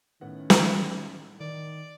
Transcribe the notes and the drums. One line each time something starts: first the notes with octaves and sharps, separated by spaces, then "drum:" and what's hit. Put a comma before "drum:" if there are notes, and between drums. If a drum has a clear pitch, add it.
A2 D#3 B3 C#4 F#5
drum: snare
D#3 D5